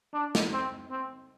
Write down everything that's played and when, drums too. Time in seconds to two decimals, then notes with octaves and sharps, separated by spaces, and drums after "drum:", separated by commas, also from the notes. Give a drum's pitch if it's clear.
0.13 D4
0.35 drum: snare
0.52 C4
0.90 C4